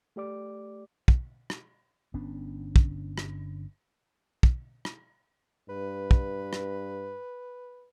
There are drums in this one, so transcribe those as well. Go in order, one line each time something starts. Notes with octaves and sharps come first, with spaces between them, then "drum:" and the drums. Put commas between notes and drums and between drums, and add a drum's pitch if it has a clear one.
A3 G4 D5 D6
drum: kick
drum: rim click
G1 B3 C#4 D4
drum: kick
drum: rim click
drum: kick
drum: rim click
G2 B4
drum: kick
drum: rim click